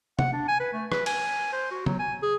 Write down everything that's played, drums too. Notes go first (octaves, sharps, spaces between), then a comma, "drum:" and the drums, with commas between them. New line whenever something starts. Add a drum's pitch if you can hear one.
F#5, drum: tom
D4
G#5
B4
A3
B4, drum: rim click
G#5, drum: cymbal
C5
F#4
F#3, drum: tom C#3
G#5
G#4